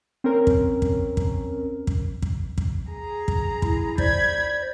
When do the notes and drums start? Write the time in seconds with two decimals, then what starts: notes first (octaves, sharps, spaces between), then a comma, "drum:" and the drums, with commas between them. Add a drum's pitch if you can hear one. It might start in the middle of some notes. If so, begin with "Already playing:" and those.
0.24 C4 C#4 A#4
0.47 drum: kick
0.82 drum: kick
1.17 drum: kick
1.87 drum: kick
2.22 drum: kick
2.58 drum: kick
2.92 G#4 A#5
3.28 drum: kick
3.62 E4, drum: kick
3.98 C5 D5 B5 G#6, drum: kick